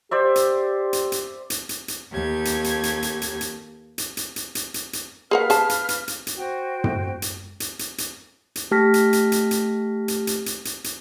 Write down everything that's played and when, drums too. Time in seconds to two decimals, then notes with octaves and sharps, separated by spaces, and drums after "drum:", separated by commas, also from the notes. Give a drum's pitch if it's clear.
0.11 G4 C5 D5 E5
0.36 drum: hi-hat
0.93 drum: hi-hat
1.12 drum: hi-hat
1.50 drum: hi-hat
1.69 drum: hi-hat
1.88 drum: hi-hat
2.12 D#2 G4 A4 G#6
2.45 drum: hi-hat
2.64 drum: hi-hat
2.83 drum: hi-hat
3.03 drum: hi-hat
3.22 drum: hi-hat
3.41 drum: hi-hat
3.98 drum: hi-hat
4.17 drum: hi-hat
4.36 drum: hi-hat
4.55 drum: hi-hat
4.74 drum: hi-hat
4.93 drum: hi-hat
5.31 G#4 A#4 B4 F5 F#5 F6
5.50 G#4 A5, drum: hi-hat
5.69 drum: hi-hat
5.89 drum: hi-hat
6.08 drum: hi-hat
6.27 drum: hi-hat
6.37 F#4 C5 G5
6.84 drum: tom
7.22 drum: hi-hat
7.60 drum: hi-hat
7.79 drum: hi-hat
7.98 drum: hi-hat
8.56 drum: hi-hat
8.71 A3 G4 A5 F6 A#6 B6
8.94 drum: hi-hat
9.13 drum: hi-hat
9.32 drum: hi-hat
9.51 drum: hi-hat
10.08 drum: hi-hat
10.27 drum: hi-hat
10.46 drum: hi-hat
10.65 drum: hi-hat
10.84 drum: hi-hat